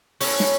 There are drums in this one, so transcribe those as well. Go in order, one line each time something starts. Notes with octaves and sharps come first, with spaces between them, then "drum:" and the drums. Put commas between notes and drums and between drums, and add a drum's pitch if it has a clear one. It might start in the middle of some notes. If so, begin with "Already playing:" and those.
A2 F#3 B3 C#4, drum: open hi-hat
drum: snare